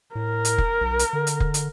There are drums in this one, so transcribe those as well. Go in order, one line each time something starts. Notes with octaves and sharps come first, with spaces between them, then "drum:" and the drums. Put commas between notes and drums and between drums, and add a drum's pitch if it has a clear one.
A2 A#4
drum: hi-hat
drum: kick F1
B1
drum: hi-hat
D3
drum: hi-hat
drum: kick F1
drum: hi-hat